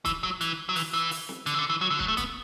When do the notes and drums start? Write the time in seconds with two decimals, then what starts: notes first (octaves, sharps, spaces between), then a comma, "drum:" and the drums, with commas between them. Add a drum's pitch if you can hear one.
0.05 E3, drum: kick, hi-hat
0.23 F#3
0.41 E3, drum: hi-hat
0.69 F#3
0.76 E3, drum: open hi-hat
0.93 E3
1.11 drum: open hi-hat
1.29 drum: snare
1.46 D3, drum: hi-hat
1.54 E3
1.59 D3
1.70 E3
1.81 F#3
1.91 D3
1.99 F#3, drum: kick
2.08 A3
2.17 B3, drum: kick, hi-hat